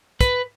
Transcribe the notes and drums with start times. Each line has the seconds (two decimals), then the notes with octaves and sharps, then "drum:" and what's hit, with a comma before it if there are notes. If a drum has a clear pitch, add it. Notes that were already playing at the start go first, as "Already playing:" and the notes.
0.21 B4, drum: kick, hi-hat